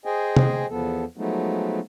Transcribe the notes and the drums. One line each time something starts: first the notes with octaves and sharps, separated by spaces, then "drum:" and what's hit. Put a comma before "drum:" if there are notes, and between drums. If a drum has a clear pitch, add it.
G#4 C5 D#5 G5 G#5
drum: tom
E2 F3 B3 A4
F3 F#3 G#3 A3 B3 D#4